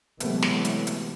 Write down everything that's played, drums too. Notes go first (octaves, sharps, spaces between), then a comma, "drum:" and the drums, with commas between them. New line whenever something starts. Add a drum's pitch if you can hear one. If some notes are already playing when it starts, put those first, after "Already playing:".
C3 E3 F#3 G#3 A3 B3, drum: hi-hat
drum: snare
drum: hi-hat
drum: hi-hat